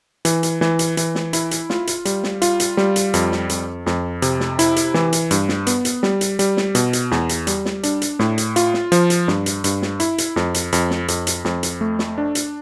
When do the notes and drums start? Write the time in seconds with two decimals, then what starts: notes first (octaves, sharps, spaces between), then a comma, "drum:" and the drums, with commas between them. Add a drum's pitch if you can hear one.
0.25 E3, drum: hi-hat
0.43 drum: hi-hat
0.61 E3, drum: snare
0.79 drum: hi-hat
0.97 E3, drum: hi-hat
1.15 drum: snare
1.33 E4, drum: hi-hat
1.51 drum: hi-hat
1.70 F4, drum: snare
1.87 drum: hi-hat
2.05 G3, drum: hi-hat
2.24 drum: snare
2.42 F4, drum: hi-hat
2.60 drum: hi-hat
2.77 G3, drum: snare
2.96 drum: hi-hat
3.14 F2, drum: hi-hat
3.32 drum: snare
3.49 F2, drum: hi-hat
3.86 F2, drum: snare
4.22 C3, drum: hi-hat
4.40 drum: snare
4.59 E4, drum: hi-hat
4.76 drum: hi-hat
4.94 E3, drum: snare
5.13 drum: hi-hat
5.31 G2, drum: hi-hat
5.49 drum: snare
5.67 B3, drum: hi-hat
5.85 drum: hi-hat
6.03 G3, drum: snare
6.21 drum: hi-hat
6.39 G3, drum: hi-hat
6.57 drum: snare
6.75 B2, drum: hi-hat
6.93 drum: hi-hat
7.11 E2, drum: snare
7.29 drum: hi-hat
7.47 G3, drum: hi-hat
7.65 drum: snare
7.83 D4, drum: hi-hat
8.02 drum: hi-hat
8.19 A2, drum: snare
8.38 drum: hi-hat
8.56 F4, drum: hi-hat
8.74 drum: snare
8.92 F3, drum: hi-hat
9.10 drum: hi-hat
9.28 G2, drum: snare
9.46 drum: hi-hat
9.64 G2, drum: hi-hat
9.82 drum: snare
10.00 E4, drum: hi-hat
10.18 drum: hi-hat
10.36 F2, drum: snare
10.54 drum: hi-hat
10.72 F2, drum: hi-hat
10.91 drum: snare
11.08 F2, drum: hi-hat
11.27 drum: hi-hat
11.45 F2, drum: snare
11.63 drum: hi-hat
11.81 A3
11.99 drum: snare
12.18 D4
12.35 drum: hi-hat